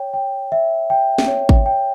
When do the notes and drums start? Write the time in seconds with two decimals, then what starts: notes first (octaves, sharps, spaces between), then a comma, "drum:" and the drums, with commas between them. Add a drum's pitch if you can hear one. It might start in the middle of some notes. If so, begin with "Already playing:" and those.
Already playing: C#5 G5
0.14 G5
0.52 E5
0.90 G5
1.18 drum: snare
1.28 C#5
1.49 drum: kick G#1
1.66 G5